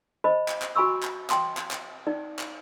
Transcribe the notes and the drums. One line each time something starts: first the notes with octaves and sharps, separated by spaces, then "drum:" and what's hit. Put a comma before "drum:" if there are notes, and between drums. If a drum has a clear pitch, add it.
C5 D#5 A5 B5
drum: clap
drum: clap
F#4 G#5 B5 C#6 E6
drum: clap
G5 A5 C6 D#6, drum: clap
drum: clap
drum: clap
D#4 D5
drum: clap